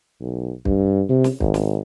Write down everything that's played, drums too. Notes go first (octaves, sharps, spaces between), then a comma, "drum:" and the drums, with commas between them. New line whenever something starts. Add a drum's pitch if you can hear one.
B1
G2, drum: kick
C3
drum: snare
G#1, drum: kick
drum: snare